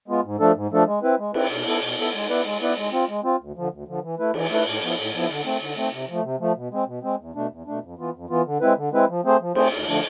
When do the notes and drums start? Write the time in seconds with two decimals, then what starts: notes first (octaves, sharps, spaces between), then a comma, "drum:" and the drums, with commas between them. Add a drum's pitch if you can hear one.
0.08 G#3 B3 F4
0.24 G#2
0.39 F3 A3 D4 A4
0.55 G#2
0.71 F3 A3 D4 A4
0.87 G#3
1.02 C4 E4 B4
1.19 G#3
1.34 C4 E4 B4, drum: cymbal
1.50 B2
1.65 B3 E4 A4
1.82 B2
1.97 B3 E4 A4
2.14 G#3
2.28 B3 E4 B4 D5
2.45 G#3
2.61 B3 E4 B4 D5
2.77 G#3
2.92 C4 F4
3.08 G#3
3.23 C4 F4
3.39 D2
3.56 D3 F3
3.71 D2
3.87 D3 F3
4.02 E3
4.19 A3 E4 B4
4.34 E3, drum: cymbal
4.50 A3 E4 B4
4.66 A2
4.82 F3 B3 E4
4.98 A2
5.13 F3 B3 E4
5.29 D3
5.45 A3 C4
5.61 D3
5.76 A3 C4
5.92 C3
6.08 F3
6.13 A3
6.23 C3
6.40 F3 A3
6.56 B2
6.71 G#3 C4
6.87 B2
7.03 G#3 C4
7.19 E2
7.34 B2 A3 D4
7.50 E2
7.66 B2 A3 D4
7.82 F2
7.98 E3 B3 F4
8.13 F2
8.29 E3 B3 F4
8.45 D3
8.61 G#3 C4 E4 B4
8.77 D3
8.92 G#3 C4 E4 B4
9.08 F3
9.24 A3 C4 G#4 C5
9.40 F3
9.55 A3 C4 G#4 C5, drum: cymbal
9.72 D2
9.87 D3 F3 A3 D4